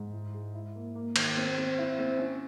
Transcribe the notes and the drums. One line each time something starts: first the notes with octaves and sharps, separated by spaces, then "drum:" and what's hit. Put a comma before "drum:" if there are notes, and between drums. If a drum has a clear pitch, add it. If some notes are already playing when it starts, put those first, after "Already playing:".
Already playing: G#2
E4
G#3
E4
A#3
A#3
D#3, drum: cymbal
C4
C4
E4
C4
C#4